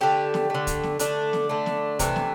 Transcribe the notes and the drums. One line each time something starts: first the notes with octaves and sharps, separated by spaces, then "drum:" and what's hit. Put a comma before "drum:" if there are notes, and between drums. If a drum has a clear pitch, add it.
D3 A3 G4
drum: snare
D3 A3
drum: kick, hi-hat
drum: snare
D3 A3 D4, drum: hi-hat
drum: snare
D3 A3
drum: snare
C3 E3 A3, drum: kick, hi-hat
drum: snare